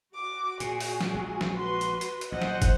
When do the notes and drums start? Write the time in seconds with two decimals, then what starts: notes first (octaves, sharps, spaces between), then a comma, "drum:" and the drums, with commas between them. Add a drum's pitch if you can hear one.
0.15 F#4 D6
0.60 A#2 G#4, drum: hi-hat
0.80 drum: open hi-hat
1.01 drum: snare
1.14 A#1 G#3
1.41 drum: snare
1.55 F#4 B4 C6
1.81 drum: hi-hat
2.01 drum: hi-hat
2.21 drum: hi-hat
2.32 A#1 C5 D#5 F#5
2.41 drum: snare
2.62 drum: kick, hi-hat